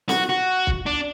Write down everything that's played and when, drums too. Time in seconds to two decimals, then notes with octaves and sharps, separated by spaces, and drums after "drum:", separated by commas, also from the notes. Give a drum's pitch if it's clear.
0.09 F#4, drum: snare
0.29 F#4
0.67 drum: kick
0.86 D4